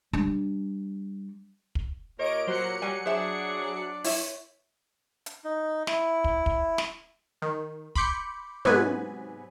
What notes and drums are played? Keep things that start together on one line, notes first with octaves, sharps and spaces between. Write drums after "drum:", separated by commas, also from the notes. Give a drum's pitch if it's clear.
G3 D4
drum: kick
A#2 G4 A#4 C#5 D#5 D7
F#3 C5 F#6 C#7
G3 G#5
D4 G#4 C5 D5 E5
E4 C#5 E5, drum: open hi-hat
drum: hi-hat
D#4
E4, drum: snare
drum: kick
drum: kick
drum: snare
D#3
B5 C6 D6 G6 C#7, drum: kick
G#2 C3 F#3 B3 B4 G#5, drum: tom